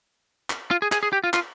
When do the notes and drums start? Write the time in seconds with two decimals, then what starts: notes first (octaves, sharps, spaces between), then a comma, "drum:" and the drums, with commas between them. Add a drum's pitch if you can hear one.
0.50 drum: clap
0.71 F4
0.82 G#4
0.92 G#4, drum: clap
1.03 G#4
1.13 G4
1.24 F4
1.34 F4, drum: clap